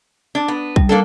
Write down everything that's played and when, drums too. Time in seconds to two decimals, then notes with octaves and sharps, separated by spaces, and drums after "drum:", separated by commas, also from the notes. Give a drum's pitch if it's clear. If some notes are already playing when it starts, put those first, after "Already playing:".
0.35 D4
0.48 B3
0.76 G3, drum: kick B1
0.89 A#3 D4 A4